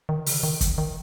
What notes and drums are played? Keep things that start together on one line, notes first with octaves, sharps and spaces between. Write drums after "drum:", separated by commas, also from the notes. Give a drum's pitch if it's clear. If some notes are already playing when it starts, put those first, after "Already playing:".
D#3
C#3, drum: open hi-hat
D#3
drum: kick, hi-hat
D#3